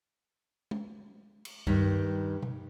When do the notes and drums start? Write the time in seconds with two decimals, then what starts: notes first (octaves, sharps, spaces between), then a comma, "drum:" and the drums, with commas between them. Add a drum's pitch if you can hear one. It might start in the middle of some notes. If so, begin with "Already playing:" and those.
0.71 drum: tom
1.45 drum: cymbal
1.67 G2 D#3, drum: kick
2.43 drum: tom B2